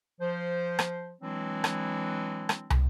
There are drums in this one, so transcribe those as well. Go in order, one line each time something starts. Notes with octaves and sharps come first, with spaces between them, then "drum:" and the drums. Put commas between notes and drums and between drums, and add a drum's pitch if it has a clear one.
F3 C5
drum: rim click
E3 F#3 G#3 C4 D4 E4
drum: rim click
drum: rim click
drum: tom